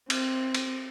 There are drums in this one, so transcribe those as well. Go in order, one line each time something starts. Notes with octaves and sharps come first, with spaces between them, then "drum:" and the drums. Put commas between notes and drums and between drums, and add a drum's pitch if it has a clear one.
C4, drum: cymbal
drum: cymbal